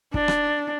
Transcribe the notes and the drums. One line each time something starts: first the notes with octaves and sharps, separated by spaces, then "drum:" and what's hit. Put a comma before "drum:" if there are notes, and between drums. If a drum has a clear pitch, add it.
D4, drum: kick
drum: rim click